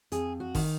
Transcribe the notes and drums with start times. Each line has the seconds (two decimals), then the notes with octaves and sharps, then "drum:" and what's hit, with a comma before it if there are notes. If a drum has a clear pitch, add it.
0.12 F2 G#4, drum: hi-hat
0.40 F#4
0.55 D#3, drum: kick G1, open hi-hat